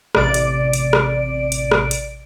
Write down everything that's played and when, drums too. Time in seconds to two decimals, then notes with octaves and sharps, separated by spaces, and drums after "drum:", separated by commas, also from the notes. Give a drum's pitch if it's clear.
0.15 A1 C3 D5 D7, drum: rim click
0.34 drum: hi-hat
0.73 drum: hi-hat
0.93 drum: rim click
1.52 drum: hi-hat
1.72 drum: rim click
1.91 drum: hi-hat